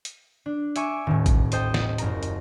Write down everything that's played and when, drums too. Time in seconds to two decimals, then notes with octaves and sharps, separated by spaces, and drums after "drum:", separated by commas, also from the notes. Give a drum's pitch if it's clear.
0.05 drum: hi-hat
0.46 D4
0.76 E5 G#5 C#6 D6 G#6 D#7, drum: hi-hat
1.07 D#1 A2
1.26 drum: kick A1, hi-hat
1.52 A4 C5 D#5 G5, drum: hi-hat
1.74 drum: snare
1.98 F#1 A#4 A#5, drum: hi-hat
2.23 drum: hi-hat